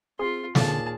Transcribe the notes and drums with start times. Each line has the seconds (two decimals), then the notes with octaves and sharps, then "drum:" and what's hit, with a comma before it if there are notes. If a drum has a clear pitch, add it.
0.19 C4 F4 G#4 C6
0.55 D#2 A#2 D3 G#4 F5 A5, drum: snare